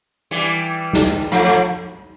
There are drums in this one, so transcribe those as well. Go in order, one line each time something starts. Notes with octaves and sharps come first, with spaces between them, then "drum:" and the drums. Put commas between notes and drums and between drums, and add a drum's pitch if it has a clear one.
E3 G3
drum: snare
F3 A3, drum: rim click
F3 A3